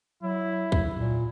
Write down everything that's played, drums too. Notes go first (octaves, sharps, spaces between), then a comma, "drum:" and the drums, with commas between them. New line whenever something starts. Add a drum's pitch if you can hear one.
F#3 E4
drum: kick
A#2